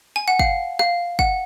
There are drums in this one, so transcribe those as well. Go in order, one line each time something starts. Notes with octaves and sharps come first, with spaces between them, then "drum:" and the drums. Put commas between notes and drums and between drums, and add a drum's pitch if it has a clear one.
G#5
F#5
F5, drum: kick
F5, drum: rim click
F#5, drum: kick